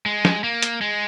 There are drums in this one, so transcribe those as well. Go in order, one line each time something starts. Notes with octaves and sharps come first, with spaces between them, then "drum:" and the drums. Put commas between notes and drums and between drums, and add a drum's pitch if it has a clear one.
G#3
drum: snare
A#3
drum: hi-hat
G#3